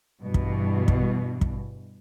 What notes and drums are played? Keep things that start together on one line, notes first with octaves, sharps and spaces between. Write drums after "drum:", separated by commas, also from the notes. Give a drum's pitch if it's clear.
G2 B2 E3
drum: kick
drum: kick
drum: kick